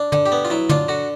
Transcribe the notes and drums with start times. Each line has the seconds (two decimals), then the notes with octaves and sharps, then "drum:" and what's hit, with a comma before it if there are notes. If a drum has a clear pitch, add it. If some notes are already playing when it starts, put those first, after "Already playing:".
Already playing: D4
0.12 D3, drum: tom
0.26 G4
0.32 B3
0.45 F4
0.50 F#3 E4
0.69 D4 F4, drum: tom
0.88 D3 F#4